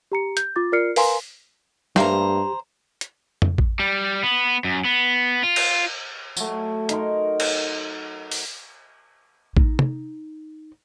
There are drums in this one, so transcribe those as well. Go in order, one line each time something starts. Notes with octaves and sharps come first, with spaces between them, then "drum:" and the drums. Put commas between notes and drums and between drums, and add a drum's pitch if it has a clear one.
G4 A#5 C#7
G6, drum: hi-hat
F4 D6 A6
F4 A#4 D5 F6 C7 C#7
A#4 B4 F5 G#5 A#5 C6, drum: open hi-hat
G2 A3 A#3 G4 C5 A#5, drum: snare
drum: hi-hat
drum: tom F2
drum: kick A1
G3
B3
F#2
B3
F4
drum: cymbal
F#3 A3, drum: tambourine
D#4 A#4 C6, drum: hi-hat
drum: cymbal
drum: open hi-hat
D#4, drum: kick A1
drum: tom